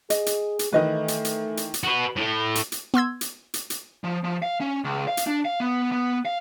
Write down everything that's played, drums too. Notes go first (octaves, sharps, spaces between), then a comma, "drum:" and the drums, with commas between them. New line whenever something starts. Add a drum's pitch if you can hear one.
G#4 D#5, drum: hi-hat
drum: hi-hat
drum: hi-hat
D#3 E3 A3 B4 D#5
drum: hi-hat
drum: hi-hat
drum: hi-hat
drum: hi-hat
F#4 B4
A2 A3
drum: hi-hat
drum: hi-hat
B3 C6 E6 G#6
drum: hi-hat
drum: hi-hat
drum: hi-hat
F3
F3
F5
C#4
C#2
F5
drum: hi-hat
D4
F5
B3
B3
F5